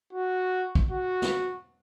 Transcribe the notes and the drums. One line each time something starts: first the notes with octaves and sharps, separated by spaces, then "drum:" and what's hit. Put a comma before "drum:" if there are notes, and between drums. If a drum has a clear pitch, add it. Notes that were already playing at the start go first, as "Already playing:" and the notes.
F#4
drum: kick
F#4
drum: snare